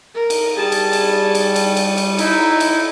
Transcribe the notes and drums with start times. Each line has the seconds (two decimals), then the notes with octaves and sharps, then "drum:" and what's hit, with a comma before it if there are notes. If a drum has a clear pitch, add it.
0.14 A#4
0.30 drum: cymbal
0.56 G3 G#4 A5
0.72 drum: cymbal
0.93 drum: cymbal
1.35 drum: cymbal
1.56 drum: cymbal
1.77 drum: cymbal
1.98 drum: cymbal
2.18 D#4 E4, drum: cymbal
2.60 drum: cymbal